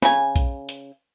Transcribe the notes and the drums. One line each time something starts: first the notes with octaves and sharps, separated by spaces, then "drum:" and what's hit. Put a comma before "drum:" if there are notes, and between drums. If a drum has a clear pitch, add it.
C#3 G#5, drum: snare
drum: kick, hi-hat
drum: hi-hat